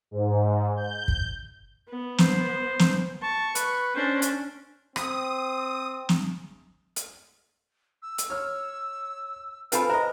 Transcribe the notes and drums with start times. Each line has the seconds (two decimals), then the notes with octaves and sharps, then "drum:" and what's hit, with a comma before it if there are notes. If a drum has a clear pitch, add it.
0.11 G#2
0.76 G6
1.08 drum: kick
1.89 B3
2.18 C5, drum: snare
2.79 drum: snare
3.22 A5 C#6
3.55 B4, drum: hi-hat
3.96 C#4 D4 C5
4.22 drum: hi-hat
4.96 C4 D#6, drum: rim click
6.09 drum: snare
6.96 drum: hi-hat
8.03 E6
8.18 drum: hi-hat
8.30 C#5 F6
9.72 C4 F4 A4 B4 G#5 B5, drum: hi-hat
9.89 A#4 C5 D#5 E5 A#5